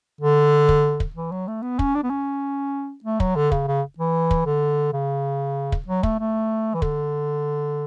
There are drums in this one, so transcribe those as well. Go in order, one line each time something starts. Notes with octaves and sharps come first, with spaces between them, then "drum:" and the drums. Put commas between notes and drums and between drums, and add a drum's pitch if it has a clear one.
D3
drum: kick
drum: kick
E3
F#3
A3
B3
C#4, drum: kick
D4
B3
C#4
A3
F#3, drum: kick
D3
C#3, drum: kick
C#3
E3
drum: kick
D3
C#3
drum: kick
F#3
A3, drum: kick
A3
E3
D3, drum: kick